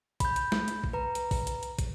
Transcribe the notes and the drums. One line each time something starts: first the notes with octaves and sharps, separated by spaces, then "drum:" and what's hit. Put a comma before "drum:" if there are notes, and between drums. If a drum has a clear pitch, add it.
B5 G6, drum: kick, hi-hat
drum: hi-hat
drum: snare
drum: hi-hat
drum: kick
B4 A#5
drum: hi-hat
drum: kick, open hi-hat
drum: hi-hat
drum: hi-hat
drum: kick, hi-hat